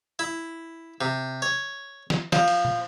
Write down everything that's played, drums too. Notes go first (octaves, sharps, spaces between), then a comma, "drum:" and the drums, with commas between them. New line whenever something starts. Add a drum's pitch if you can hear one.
E4
C3
C#5
drum: snare
F3, drum: snare
drum: cymbal
drum: tom